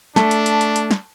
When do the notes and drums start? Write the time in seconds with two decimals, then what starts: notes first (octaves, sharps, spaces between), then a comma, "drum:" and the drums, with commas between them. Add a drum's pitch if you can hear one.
0.16 A3 D4 A5, drum: snare
0.31 drum: hi-hat
0.46 drum: hi-hat
0.61 drum: hi-hat
0.76 drum: hi-hat
0.91 drum: snare